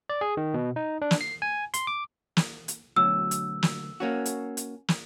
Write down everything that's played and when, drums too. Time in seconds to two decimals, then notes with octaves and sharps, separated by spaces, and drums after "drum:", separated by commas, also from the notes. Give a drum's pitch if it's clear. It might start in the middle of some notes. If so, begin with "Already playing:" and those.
0.09 D5
0.21 G#4
0.37 D#3
0.54 B2
0.76 D#4
1.02 D4
1.11 drum: snare
1.21 C7
1.42 G#5
1.74 C6, drum: hi-hat
1.87 D6
2.37 drum: snare
2.68 drum: hi-hat
2.96 D2 B2 F#3 E6
3.31 drum: hi-hat
3.63 drum: snare
4.00 A#3 C#4 F#4
4.26 drum: hi-hat
4.57 drum: hi-hat
4.88 drum: snare